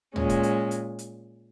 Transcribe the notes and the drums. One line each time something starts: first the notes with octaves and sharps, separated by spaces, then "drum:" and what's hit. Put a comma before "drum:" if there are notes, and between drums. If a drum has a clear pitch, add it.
A#2 G#3 C#4, drum: tom
drum: kick, hi-hat
drum: hi-hat
drum: hi-hat
drum: hi-hat